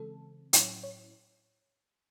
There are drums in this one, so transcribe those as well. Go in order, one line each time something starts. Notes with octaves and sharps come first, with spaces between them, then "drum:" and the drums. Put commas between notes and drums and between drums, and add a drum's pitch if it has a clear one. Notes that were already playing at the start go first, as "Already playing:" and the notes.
Already playing: C#3 E3 G#3 C4 A4
A2 F#3 C#4 E4 C#5, drum: hi-hat
C#5